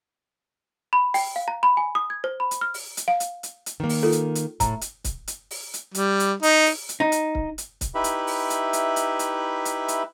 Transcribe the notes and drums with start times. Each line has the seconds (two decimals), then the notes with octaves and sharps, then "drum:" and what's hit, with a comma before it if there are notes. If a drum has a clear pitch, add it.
0.93 B5
1.14 G5, drum: open hi-hat
1.36 F5
1.48 A#5
1.63 B5
1.77 G#5
1.95 D#6
2.10 G#6
2.24 C5
2.40 B5
2.51 drum: hi-hat
2.61 F6
2.74 drum: open hi-hat
2.97 drum: hi-hat
3.08 F5
3.20 drum: hi-hat
3.43 drum: hi-hat
3.66 drum: hi-hat
3.80 D#3 A#3
3.89 drum: open hi-hat
4.03 F4 A4
4.12 drum: hi-hat
4.35 drum: hi-hat
4.60 A2 A#5, drum: kick C#1, hi-hat
4.81 drum: hi-hat
5.04 drum: kick C#1, hi-hat
5.28 drum: hi-hat
5.51 drum: open hi-hat
5.74 drum: hi-hat
5.95 G3, drum: hi-hat
6.20 drum: hi-hat
6.43 D#4, drum: hi-hat
6.66 drum: open hi-hat
6.89 drum: hi-hat
7.00 D#4
7.12 drum: hi-hat
7.35 drum: kick C#1
7.58 drum: hi-hat
7.81 drum: kick C#1, hi-hat
7.95 D#4 E4 G4 B4 E5 B5
8.04 drum: hi-hat
8.27 drum: open hi-hat
8.50 drum: hi-hat
8.73 drum: hi-hat
8.96 drum: hi-hat
9.19 drum: hi-hat
9.65 drum: hi-hat
9.88 drum: hi-hat